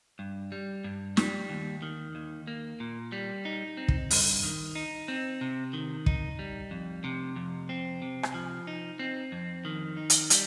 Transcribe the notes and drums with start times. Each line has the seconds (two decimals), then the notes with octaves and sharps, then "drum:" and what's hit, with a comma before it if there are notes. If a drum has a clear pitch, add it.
0.19 G2
0.52 G3
0.84 G2
1.17 G3, drum: snare
1.50 D#2
1.82 D#3
2.15 D#2
2.47 A#3
2.80 A#2
3.12 G3
3.45 D#4
3.77 C4
3.88 drum: kick
4.11 G2, drum: open hi-hat
4.43 D#3
4.75 D#4
5.08 C4
5.41 C3
5.73 D#3
6.06 D#4, drum: kick
6.39 G3
6.71 F2
7.04 C3
7.36 F2
7.69 C4
8.02 C3
8.23 drum: rim click
8.34 F3
8.67 D#4
8.99 C4
9.32 F2
9.65 D#3
9.97 D#4
10.10 drum: hi-hat
10.30 G3, drum: hi-hat